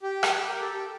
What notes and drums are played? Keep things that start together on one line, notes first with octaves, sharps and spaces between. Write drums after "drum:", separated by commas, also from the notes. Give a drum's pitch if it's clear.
G4
drum: rim click
A#4
A4
G4